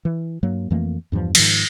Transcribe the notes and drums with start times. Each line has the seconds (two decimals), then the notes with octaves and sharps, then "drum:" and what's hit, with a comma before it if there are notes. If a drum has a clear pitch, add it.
0.05 E3
0.43 G2 F#3 A#3
0.71 F2 E3 A3 A#3
1.12 E2 G2 E3 F3
1.35 G#2 D#3 F3, drum: cymbal